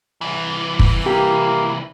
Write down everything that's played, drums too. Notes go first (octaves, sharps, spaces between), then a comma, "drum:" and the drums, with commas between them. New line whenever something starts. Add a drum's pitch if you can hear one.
C2 E3
drum: kick
A#3 G4